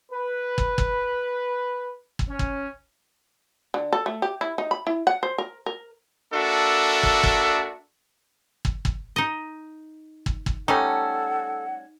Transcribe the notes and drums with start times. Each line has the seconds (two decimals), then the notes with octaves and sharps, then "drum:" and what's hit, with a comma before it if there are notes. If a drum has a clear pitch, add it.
0.12 B4
0.58 drum: kick
0.78 drum: kick
2.19 drum: kick
2.29 C#4
2.39 drum: kick
3.74 D3
3.93 A4
4.06 A3
4.22 G4
4.41 E4
4.58 D#4
4.71 B5
4.87 E4
5.07 F#5
5.23 C5
5.38 A#4
5.66 A#4
6.33 A#3 D4 F#4 A4 E5
7.03 drum: kick
7.23 drum: kick
8.65 drum: kick
8.85 drum: kick
9.16 D#4 D#5
10.26 drum: kick
10.46 drum: kick
10.68 G3 A3 C#4 D#4 A4 F#5